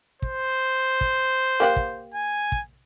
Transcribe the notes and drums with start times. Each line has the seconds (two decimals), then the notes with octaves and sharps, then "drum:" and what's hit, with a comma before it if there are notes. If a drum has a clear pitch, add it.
0.22 C5, drum: kick
1.01 drum: kick
1.60 A#3 G4 F#5
1.76 drum: kick
2.14 G#5
2.52 drum: kick